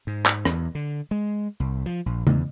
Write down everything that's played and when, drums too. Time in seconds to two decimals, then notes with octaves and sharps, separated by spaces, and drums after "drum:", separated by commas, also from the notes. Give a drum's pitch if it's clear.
0.07 G#2
0.26 drum: clap
0.45 E2, drum: rim click
0.75 D3
1.11 G#3
1.60 C2
1.86 F3
2.06 A#1
2.27 E2, drum: tom C#3